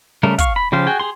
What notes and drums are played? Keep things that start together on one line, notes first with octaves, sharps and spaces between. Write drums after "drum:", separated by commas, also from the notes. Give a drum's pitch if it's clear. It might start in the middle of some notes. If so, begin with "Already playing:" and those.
C#3 G3 A3 A#4
F5 C#6, drum: kick, hi-hat
B5
C#3 F3 G4 C5 F5
F#4 G#4 G5
G4 G#4 C6